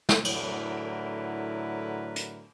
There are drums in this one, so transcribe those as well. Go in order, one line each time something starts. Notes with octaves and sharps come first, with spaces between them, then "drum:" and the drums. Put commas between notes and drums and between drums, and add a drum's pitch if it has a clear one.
drum: snare
A2 D3 F#3 E4 A#4 B4, drum: cymbal
drum: hi-hat